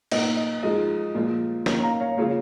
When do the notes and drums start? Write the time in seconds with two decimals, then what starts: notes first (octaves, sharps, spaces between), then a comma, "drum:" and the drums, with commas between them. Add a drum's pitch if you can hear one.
0.11 A#2 A#3 D#4 D#5, drum: cymbal
0.37 D#5
0.63 F3 G#3 D#4 G#4 D#5
1.15 A#2 F3 G#3
1.66 D#3 A#3 C#4, drum: snare
1.83 F5 A#5
2.00 C#5 F5
2.17 C#3 F3 A#3 C#5 F5